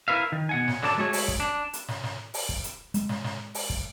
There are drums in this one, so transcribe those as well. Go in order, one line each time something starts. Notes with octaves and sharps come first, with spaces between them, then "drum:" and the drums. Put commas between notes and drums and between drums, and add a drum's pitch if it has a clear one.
E4 A#4 B4 E5 F5
D#3
B2 F#5 G#5
drum: snare
D3 F#3 D5 A5, drum: snare
G#3 A3 F#4 G#4 C#5
drum: open hi-hat
drum: kick
D4
drum: hi-hat
drum: snare
drum: snare
drum: open hi-hat
drum: kick
drum: hi-hat
G#3, drum: hi-hat
drum: snare
drum: snare
drum: open hi-hat
drum: kick